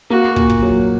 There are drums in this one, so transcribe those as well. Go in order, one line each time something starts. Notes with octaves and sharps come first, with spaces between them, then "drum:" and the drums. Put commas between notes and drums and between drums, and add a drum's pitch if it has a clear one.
A#3 F#4
A#2, drum: kick
drum: kick
F#3